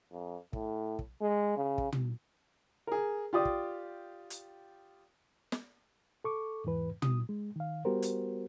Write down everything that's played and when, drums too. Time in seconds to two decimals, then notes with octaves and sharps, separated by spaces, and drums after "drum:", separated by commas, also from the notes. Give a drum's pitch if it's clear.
0.12 F2
0.53 A2, drum: kick
0.99 drum: kick
1.21 G#3
1.57 C#3
1.78 drum: kick
1.92 drum: tom
2.87 G#4 A#4
3.33 F4 G4 D5 D#6
3.45 drum: kick
4.30 drum: hi-hat
5.52 drum: snare
6.24 A4 C#6 D6
6.65 E2 G#2 E3 B4
7.02 D#6, drum: tom
7.29 G#3
7.56 D#3 F5
7.85 G3 B3 F#4 G4 A#4 C5
8.02 drum: hi-hat